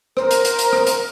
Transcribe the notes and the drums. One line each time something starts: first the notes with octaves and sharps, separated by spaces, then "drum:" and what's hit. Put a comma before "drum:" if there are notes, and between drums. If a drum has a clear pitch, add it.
A#4 C5, drum: rim click
drum: hi-hat
drum: hi-hat
drum: hi-hat
drum: rim click
drum: hi-hat